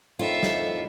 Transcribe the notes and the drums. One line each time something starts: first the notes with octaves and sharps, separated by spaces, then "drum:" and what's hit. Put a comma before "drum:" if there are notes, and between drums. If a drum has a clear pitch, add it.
F2 A2 D#3 E4 F4 A4 E5
drum: snare